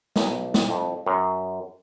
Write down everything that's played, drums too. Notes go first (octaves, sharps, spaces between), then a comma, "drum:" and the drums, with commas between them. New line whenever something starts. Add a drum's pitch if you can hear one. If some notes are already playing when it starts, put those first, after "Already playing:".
B1, drum: snare
drum: snare
F2
F#2